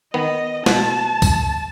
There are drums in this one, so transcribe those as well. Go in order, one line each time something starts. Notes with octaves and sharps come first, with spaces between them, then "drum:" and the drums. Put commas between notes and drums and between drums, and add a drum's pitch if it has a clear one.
D#3 B3 D#5
B2 A5, drum: snare
drum: kick, tambourine